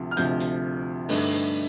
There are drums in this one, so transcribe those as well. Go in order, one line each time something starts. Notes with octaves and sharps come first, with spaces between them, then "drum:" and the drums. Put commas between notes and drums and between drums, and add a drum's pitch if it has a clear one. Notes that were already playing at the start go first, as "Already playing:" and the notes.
Already playing: D2 C3 F3
F6
D2 C3 F3 G6, drum: hi-hat
drum: hi-hat
G2 D3 A3 D#4, drum: open hi-hat
drum: hi-hat